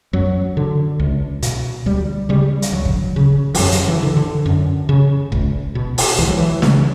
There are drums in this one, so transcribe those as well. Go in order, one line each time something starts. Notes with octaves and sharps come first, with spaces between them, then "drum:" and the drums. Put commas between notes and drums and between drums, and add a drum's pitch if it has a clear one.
F#2 F#3
D3
C#2
B2, drum: hi-hat
D2 G3
C#3 G3
drum: hi-hat
D2 F#3
drum: kick
C#3
E3, drum: open hi-hat
F#2 F#3
drum: hi-hat
E3
D3
D3
F#2
C#3
C#2, drum: kick
B2
drum: open hi-hat
C#2 E3
F#3
E3
C#3, drum: snare